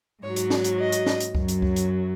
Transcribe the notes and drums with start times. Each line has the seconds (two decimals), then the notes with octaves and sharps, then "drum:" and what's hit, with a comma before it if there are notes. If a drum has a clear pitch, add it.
0.22 G#2 F#3 C#5
0.36 drum: hi-hat
0.50 drum: snare
0.64 drum: hi-hat
0.78 D#5
0.92 drum: hi-hat
1.06 drum: snare
1.20 drum: hi-hat
1.35 F#2 F#3, drum: kick C#2
1.48 drum: hi-hat
1.62 drum: kick C#2
1.76 drum: hi-hat